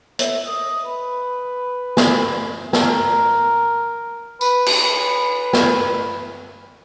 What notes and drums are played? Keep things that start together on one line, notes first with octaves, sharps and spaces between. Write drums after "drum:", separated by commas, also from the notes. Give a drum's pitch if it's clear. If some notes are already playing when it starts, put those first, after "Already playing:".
E5, drum: hi-hat
D#5
B4
drum: snare
A4, drum: snare
A#4
B4, drum: tambourine
drum: cymbal
B4
drum: snare